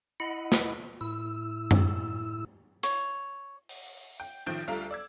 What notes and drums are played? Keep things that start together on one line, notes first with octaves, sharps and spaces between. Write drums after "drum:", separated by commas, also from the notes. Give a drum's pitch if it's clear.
E4 D#5 F#5 B5
drum: snare
A2 E4 E6
drum: tom F#2
C#5, drum: hi-hat
drum: open hi-hat
G5
A1 D#3 F3 G6 D7
D2 G3 F4 A4 F5 A#5
D5 E6 G#6